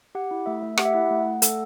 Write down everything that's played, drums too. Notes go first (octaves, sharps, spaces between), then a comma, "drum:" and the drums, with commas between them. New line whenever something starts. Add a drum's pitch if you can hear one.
G4 F#5
E4
A3 E5
A3
G4 F#5, drum: rim click
E5
E4 F#5
A3
A3
A4, drum: hi-hat